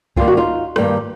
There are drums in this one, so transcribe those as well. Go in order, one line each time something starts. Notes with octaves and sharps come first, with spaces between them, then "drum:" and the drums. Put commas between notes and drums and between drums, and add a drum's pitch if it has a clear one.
G2 D#3 G3 A#3 F4, drum: kick C2
F#4
D#4 F4
G2 D#3 G3 A#3, drum: rim click